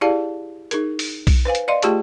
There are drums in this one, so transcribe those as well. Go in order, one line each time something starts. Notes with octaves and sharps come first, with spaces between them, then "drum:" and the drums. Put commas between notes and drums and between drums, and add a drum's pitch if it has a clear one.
E4 G4 G#4 D5 F5 A5
D#4 G#4 A#4, drum: hi-hat
drum: open hi-hat
drum: kick B1, open hi-hat
B4 C5 F5 G#5
drum: hi-hat
D5 D#5 F5 C6
A3 F4 G4 G#4 A5 C#6, drum: hi-hat